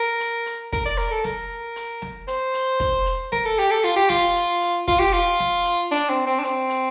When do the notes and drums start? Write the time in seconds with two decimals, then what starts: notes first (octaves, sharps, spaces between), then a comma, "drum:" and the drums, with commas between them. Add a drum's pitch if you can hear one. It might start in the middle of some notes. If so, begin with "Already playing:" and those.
Already playing: A#4
0.20 drum: hi-hat
0.46 drum: hi-hat
0.72 A#4, drum: kick, hi-hat
0.85 D5
0.98 A#4, drum: hi-hat
1.11 A4
1.24 A#4, drum: snare
1.76 drum: hi-hat
2.02 drum: snare
2.28 C5, drum: hi-hat
2.54 drum: hi-hat
2.80 drum: kick, hi-hat
3.06 drum: hi-hat
3.32 A#4, drum: snare
3.45 A4
3.58 G4, drum: hi-hat
3.71 A4
3.84 F4, drum: hi-hat
3.96 G4
4.09 F4, drum: snare
4.36 drum: hi-hat
4.62 drum: hi-hat
4.88 F4, drum: kick, hi-hat
4.99 G4
5.13 F4, drum: hi-hat
5.40 drum: snare
5.66 drum: hi-hat
5.91 D4, drum: hi-hat
6.09 C4
6.26 C4
6.39 D4
6.44 C4, drum: hi-hat
6.70 drum: hi-hat